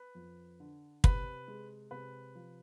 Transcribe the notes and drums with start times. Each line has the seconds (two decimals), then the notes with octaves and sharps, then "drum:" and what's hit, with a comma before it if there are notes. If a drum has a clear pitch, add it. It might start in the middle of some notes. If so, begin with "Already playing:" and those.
Already playing: B4
0.15 F2
0.60 D3
1.04 C3 B4, drum: kick
1.48 G#3
1.91 C3 B4
2.35 F3